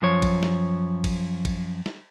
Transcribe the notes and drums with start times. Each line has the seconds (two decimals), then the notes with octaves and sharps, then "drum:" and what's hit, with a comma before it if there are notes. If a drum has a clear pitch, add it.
0.02 F#2 F3 C#5
0.22 drum: kick A1, cymbal
0.43 drum: snare
1.04 drum: kick A1, cymbal
1.45 drum: kick A1, cymbal
1.86 drum: snare